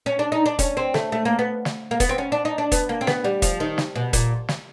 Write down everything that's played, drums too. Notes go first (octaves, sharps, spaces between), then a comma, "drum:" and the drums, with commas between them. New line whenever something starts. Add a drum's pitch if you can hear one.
C#4
D4
D#4
D4
C#4, drum: kick, hi-hat
C4
A3, drum: snare
A3
A#3
B3
drum: snare
A#3
B3, drum: kick, hi-hat
C4
C#4
D4
D#4
D4
B3, drum: kick, hi-hat
A#3
C4
B3, drum: snare
G3
F3, drum: kick, hi-hat
D#3
drum: snare
B2
A#2, drum: kick, hi-hat
drum: snare